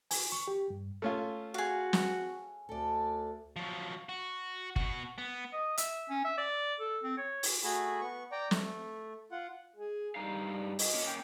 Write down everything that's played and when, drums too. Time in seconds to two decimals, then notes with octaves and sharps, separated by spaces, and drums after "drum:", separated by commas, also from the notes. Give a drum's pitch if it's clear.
0.11 G#5, drum: open hi-hat
0.32 C#6
0.48 G4
0.70 G2
1.02 A3 C#4 F4
1.54 F#4 G#4 F5
1.93 drum: snare
2.69 D2 A4 D5
3.56 F3 F#3
4.09 F#4
4.76 B2 F#4, drum: kick
5.18 B3
5.53 D#5
5.78 E5, drum: hi-hat
6.09 C#4
6.24 E5
6.38 D5
6.80 A4
7.03 C4
7.17 C#5
7.43 drum: open hi-hat
7.64 A3 F#4 G#4 B5
8.01 B3 C#6
8.32 D5 G5 A#5
8.51 A3, drum: snare
9.31 F4 F#5
9.76 G#4
10.15 G2 G3 D#4 F5
10.79 D#5, drum: open hi-hat
10.94 A#3 C#4
11.07 G5